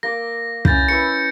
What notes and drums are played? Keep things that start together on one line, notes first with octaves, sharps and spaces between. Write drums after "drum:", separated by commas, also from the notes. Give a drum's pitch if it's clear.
A#3 D6 E6 A#6
C#4 E4 G6 A6, drum: kick
E4 B4 C#6 C#7